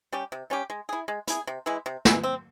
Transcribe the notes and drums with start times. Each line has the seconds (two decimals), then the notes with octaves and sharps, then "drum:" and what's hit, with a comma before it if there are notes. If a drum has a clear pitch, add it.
0.12 G3 C#4 G4
0.32 C3
0.50 G3 C#4 G4
0.70 G#3
0.89 E4 G#4
1.08 G#3
1.27 E4 G#4, drum: hi-hat
1.47 C3
1.66 E3 G#3 E4
1.86 C3
2.05 E3 G#3 E4, drum: snare
2.23 C4